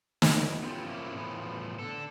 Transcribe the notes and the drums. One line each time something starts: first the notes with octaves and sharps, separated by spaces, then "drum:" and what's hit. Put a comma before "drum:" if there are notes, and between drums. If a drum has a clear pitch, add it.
drum: snare
E3 F#3 B3 D#4 E4
A3 B3 C#4 F4 G4
F3 A#3 C#4 E4
A2 E3 F3 B3
D3 A4